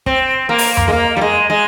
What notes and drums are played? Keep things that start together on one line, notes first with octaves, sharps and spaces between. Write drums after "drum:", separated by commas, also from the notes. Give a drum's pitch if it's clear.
C4, drum: kick
A#3
drum: open hi-hat
drum: tom F2
G#3
A#3
G3
G#3
G#3